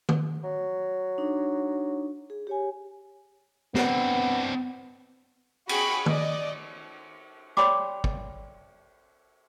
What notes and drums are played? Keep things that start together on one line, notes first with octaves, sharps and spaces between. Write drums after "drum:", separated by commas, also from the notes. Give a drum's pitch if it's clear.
drum: tom
F#3
D4 D#4
G#4
G4 C#5 G#5
B3 C4 D4, drum: snare
F#4 G#4 G5 B5 C#6, drum: cymbal
D5 D#5, drum: tom
C#5 D5 G5 B5 C6 D6, drum: rim click
drum: kick